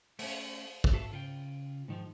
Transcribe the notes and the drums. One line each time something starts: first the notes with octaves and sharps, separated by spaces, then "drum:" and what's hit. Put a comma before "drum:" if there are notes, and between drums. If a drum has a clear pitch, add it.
A3 C#4, drum: open hi-hat
drum: kick
F#4 A4 E5 F5 A5
C#3 F4 F5 G5
G#2 D#3 F3